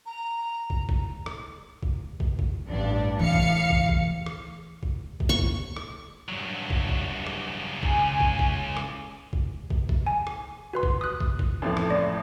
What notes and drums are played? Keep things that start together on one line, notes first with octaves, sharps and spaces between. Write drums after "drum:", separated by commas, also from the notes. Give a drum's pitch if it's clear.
A#5
drum: kick
drum: kick
drum: rim click
drum: kick
drum: kick
drum: kick
A1 G2 D4
A2 E3 F5 C#7
drum: kick
drum: kick
drum: kick
drum: rim click
drum: kick
drum: kick
C#6
drum: kick
drum: rim click
G2 F#3
drum: kick
drum: kick
drum: rim click
C#2 C#3 G#5, drum: kick
drum: kick
drum: kick
drum: rim click
drum: kick
drum: kick
drum: kick
G#5
drum: rim click
F#4 B4 C6
drum: kick
D#6 F#6
drum: kick
drum: kick
A1 F2 A2
drum: rim click
A3 D5 A#6